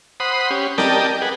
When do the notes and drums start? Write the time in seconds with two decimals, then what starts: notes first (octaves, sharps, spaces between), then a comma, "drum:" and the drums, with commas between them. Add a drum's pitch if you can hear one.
0.20 C5 F#5 B5 D#6
0.50 C#4 G4
0.78 G4 A#4 D5 D#5 G5 A5, drum: snare C4
1.21 G#4 B4 F#5